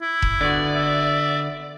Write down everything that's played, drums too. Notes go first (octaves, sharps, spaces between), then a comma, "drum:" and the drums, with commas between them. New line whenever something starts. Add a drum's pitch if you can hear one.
E4
drum: kick E1
D3 B3 F#4 D5
E5